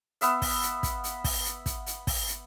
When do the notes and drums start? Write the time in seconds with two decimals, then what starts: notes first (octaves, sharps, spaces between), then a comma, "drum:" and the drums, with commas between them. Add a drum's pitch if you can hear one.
0.21 B3 E5 F5, drum: hi-hat
0.42 drum: kick, open hi-hat
0.62 drum: hi-hat
0.83 drum: kick, hi-hat
1.04 drum: hi-hat
1.24 drum: kick, open hi-hat
1.45 drum: hi-hat
1.66 drum: kick, hi-hat
1.86 drum: hi-hat
2.07 drum: kick, open hi-hat
2.28 drum: hi-hat